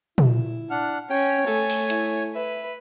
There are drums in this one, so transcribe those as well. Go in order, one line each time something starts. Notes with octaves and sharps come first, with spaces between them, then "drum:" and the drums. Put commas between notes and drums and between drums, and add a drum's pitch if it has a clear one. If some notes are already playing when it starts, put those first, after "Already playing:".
E4, drum: tom
D4 F#5 F6
C#4 C#5 G5
A3 A4 G#5
drum: open hi-hat
E4, drum: hi-hat
B4 E5